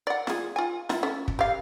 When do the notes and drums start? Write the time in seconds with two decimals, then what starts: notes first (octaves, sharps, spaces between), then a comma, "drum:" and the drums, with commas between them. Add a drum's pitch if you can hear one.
0.07 D5 F#5
0.27 F4 G#4, drum: snare
0.56 F4 G#5
0.89 E4 F4, drum: snare
1.03 C#4 A4
1.28 drum: kick
1.39 G4 F5